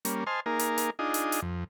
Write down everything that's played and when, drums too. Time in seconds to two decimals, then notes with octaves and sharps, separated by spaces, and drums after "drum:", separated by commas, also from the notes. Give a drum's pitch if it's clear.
0.05 G3 A#3 C#4, drum: hi-hat
0.27 C5 D#5 G#5 A5 C6 F6
0.46 A#3 D#4 G#4 A#4 F5
0.59 drum: hi-hat
0.78 drum: hi-hat
0.99 D4 D#4 F4 G#4 D#5
1.14 drum: hi-hat
1.32 drum: hi-hat
1.42 F2